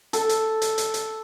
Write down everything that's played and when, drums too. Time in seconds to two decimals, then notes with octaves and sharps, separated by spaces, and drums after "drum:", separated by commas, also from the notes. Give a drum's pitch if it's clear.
0.13 A4, drum: hi-hat
0.29 drum: hi-hat
0.62 drum: hi-hat
0.78 drum: hi-hat
0.94 drum: hi-hat